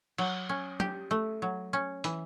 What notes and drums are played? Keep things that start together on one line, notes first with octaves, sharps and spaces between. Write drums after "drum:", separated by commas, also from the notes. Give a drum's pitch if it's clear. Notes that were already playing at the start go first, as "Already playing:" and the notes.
F#3, drum: cymbal
C#4
G4, drum: tom
A3
F#3
C#4
E3, drum: hi-hat